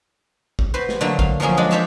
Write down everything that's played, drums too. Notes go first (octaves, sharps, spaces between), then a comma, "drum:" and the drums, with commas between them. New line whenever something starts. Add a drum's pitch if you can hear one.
drum: kick
F#4 B4 C5
drum: snare
D3 F#3 A3 A#3
F5, drum: kick
F3 F#3 A#3 C#4 G#4
G#3 D4
D4 C5 C#5 E5 F5 A5